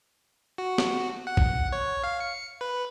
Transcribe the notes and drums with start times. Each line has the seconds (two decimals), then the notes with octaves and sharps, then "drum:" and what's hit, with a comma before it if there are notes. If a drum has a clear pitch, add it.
0.58 F#4
0.78 drum: snare
1.27 F#5
1.37 drum: kick A#1
1.73 C#5
2.04 F5
2.20 C#7
2.61 B4